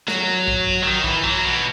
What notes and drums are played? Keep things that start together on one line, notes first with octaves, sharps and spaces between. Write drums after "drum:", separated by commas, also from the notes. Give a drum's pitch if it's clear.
F#3, drum: snare
drum: kick A#1
D#3
E3, drum: kick A#1
F#3
B2